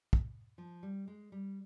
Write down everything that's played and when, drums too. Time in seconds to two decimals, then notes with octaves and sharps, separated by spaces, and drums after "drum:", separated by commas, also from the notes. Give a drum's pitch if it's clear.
0.13 drum: kick
0.58 F3
0.83 G3
1.08 G#3
1.32 G3